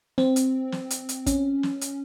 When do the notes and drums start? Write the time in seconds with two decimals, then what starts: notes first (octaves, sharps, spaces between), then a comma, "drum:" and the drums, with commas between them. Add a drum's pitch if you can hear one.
0.18 C4, drum: snare
0.36 drum: hi-hat
0.72 drum: snare
0.90 drum: hi-hat
1.09 drum: hi-hat
1.26 C#4, drum: kick, hi-hat
1.63 drum: snare
1.81 drum: hi-hat